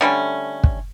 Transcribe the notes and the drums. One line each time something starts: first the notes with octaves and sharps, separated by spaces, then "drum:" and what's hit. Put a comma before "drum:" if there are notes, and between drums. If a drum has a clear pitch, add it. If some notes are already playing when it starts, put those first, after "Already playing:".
D3 G3 A3 C#4
drum: kick